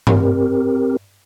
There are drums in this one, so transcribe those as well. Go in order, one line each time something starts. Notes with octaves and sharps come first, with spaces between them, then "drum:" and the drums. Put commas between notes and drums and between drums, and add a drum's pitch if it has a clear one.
C4 G4 A#4, drum: tom G2